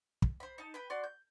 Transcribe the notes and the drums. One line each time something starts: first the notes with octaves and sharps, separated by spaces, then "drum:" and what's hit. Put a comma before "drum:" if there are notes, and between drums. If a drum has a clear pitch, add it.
drum: kick
C5 B5
D#4 A5
B4 G5 B5
F#4 D5 C6
G6